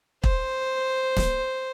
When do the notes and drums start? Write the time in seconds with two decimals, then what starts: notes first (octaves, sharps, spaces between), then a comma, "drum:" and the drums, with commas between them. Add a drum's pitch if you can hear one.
0.24 C5, drum: kick
1.17 drum: snare